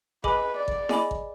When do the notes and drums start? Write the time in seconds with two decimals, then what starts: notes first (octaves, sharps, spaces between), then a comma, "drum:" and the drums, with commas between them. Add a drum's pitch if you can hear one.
0.24 G#4 B4 D#5 G#5 B5 D6, drum: kick G#1
0.57 D5
0.68 drum: kick G#1
0.89 G#4 D#5 G#5 B5 D6, drum: snare E4
1.11 drum: kick G#1